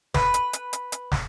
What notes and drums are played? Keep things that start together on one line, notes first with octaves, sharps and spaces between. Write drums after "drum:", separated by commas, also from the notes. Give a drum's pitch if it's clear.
B4, drum: snare
drum: hi-hat
drum: hi-hat
drum: hi-hat
drum: hi-hat
drum: snare